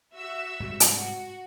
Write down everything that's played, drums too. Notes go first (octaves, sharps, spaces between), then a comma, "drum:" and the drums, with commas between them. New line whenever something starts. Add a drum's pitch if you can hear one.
F#4 E5 E6
G#2 C3 G3
drum: hi-hat
F#4